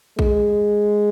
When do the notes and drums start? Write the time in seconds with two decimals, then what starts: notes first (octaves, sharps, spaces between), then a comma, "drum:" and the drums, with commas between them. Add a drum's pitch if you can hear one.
0.19 G#3, drum: kick A#1